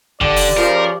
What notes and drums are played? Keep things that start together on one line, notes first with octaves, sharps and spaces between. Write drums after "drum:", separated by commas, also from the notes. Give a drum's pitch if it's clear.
D3 G4 D5, drum: kick
drum: open hi-hat
C#3 F3 A#4